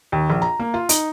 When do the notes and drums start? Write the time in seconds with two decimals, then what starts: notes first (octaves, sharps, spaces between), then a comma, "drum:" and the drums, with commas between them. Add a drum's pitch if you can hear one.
0.12 D#2
0.30 A#1
0.42 A#5
0.60 A#3
0.74 F4
0.89 D#4, drum: hi-hat